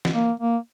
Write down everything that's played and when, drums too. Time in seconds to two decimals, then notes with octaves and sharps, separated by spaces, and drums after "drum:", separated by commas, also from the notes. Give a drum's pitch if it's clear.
0.05 drum: snare
0.14 A#3
0.40 A#3